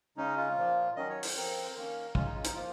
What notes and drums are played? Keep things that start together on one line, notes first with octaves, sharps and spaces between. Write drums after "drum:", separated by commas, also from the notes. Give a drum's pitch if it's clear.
C#3 G#3 C#4 D#4
F4
A#2 F3 A#3
D#3 F#3 C#4 D#5
C#5
C5, drum: open hi-hat
F3 C4 A#4
C5
D#3 A#3 C#4 A#4
C#3 G#3 C#4 F4, drum: kick
D#4
F4
D#4, drum: hi-hat
F3 A#3 F4